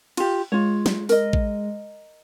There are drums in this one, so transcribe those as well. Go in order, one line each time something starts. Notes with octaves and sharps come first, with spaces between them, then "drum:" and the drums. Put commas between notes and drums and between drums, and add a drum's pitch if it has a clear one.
F4 G4, drum: cymbal
G#3 F4 C#5
drum: snare
A#4 D#5, drum: open hi-hat
drum: kick A1